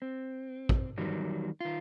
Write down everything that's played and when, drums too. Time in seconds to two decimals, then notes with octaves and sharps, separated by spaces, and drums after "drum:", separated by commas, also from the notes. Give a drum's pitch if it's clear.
0.02 C4
0.69 drum: kick
0.98 E2 D#3 F#3 G3
1.61 D#3 F4